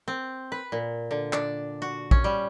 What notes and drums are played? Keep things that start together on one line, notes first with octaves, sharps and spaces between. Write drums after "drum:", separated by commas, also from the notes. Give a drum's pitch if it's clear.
C4
B4
A#2
D3
D4, drum: clap
F#4
C#4, drum: kick A#1
G3